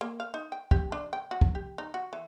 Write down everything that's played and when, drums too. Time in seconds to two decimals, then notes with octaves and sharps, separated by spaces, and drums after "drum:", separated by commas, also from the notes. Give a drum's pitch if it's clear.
0.01 A#3
0.20 F5
0.34 D#4
0.52 G5
0.71 G4, drum: kick
0.92 D4
1.13 G5
1.31 F#4
1.41 drum: kick
1.55 G4
1.78 D#4
1.94 F#4
2.13 E3